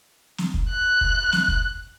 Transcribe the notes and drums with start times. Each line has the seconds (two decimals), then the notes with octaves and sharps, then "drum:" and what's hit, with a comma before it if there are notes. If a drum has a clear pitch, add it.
0.38 drum: snare
0.54 drum: kick
0.70 F#6
1.01 drum: kick
1.32 drum: snare
1.48 drum: kick